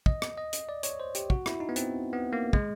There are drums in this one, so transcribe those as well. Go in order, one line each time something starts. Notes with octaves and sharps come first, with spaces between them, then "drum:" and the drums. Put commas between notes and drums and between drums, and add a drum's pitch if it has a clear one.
D#5, drum: kick
drum: rim click
D#5
drum: hi-hat
D5
C#5, drum: hi-hat
C5
G4, drum: hi-hat
F#4, drum: kick
E4, drum: rim click
D#4
B3
C4, drum: hi-hat
B3
A#3
G#3, drum: kick